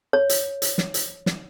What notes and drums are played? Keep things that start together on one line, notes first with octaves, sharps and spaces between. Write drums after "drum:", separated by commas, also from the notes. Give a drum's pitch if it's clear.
C#5
drum: hi-hat
drum: hi-hat
drum: snare
drum: hi-hat
drum: snare